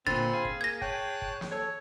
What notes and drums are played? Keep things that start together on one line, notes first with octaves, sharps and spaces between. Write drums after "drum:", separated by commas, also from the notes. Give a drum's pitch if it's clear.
A#2 D3 C4 B5 C6 A6, drum: kick
G#4 F5
drum: kick
A#3 G#6 A#6
C#5 G5 A5 F#6, drum: kick
drum: kick
drum: snare
A4 C#5